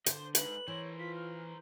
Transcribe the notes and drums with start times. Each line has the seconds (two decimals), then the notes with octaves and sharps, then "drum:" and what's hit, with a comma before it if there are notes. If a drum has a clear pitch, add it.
0.06 D3 C5 D#5, drum: hi-hat
0.35 F2 G#2 B4 F#7, drum: hi-hat
0.68 E3 A#4 C5 C#5
0.99 F4 B6
1.15 F6